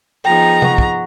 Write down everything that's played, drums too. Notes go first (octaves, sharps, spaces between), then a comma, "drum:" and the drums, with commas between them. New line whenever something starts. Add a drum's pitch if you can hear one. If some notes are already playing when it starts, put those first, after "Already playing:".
F3 B3 D#4 G#4 G5 A#5
F#5 C#6, drum: tom
drum: kick